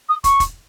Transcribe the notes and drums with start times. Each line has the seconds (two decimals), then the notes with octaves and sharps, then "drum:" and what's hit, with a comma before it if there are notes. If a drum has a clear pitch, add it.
0.09 D#6
0.24 C#6, drum: kick, hi-hat
0.40 drum: kick, hi-hat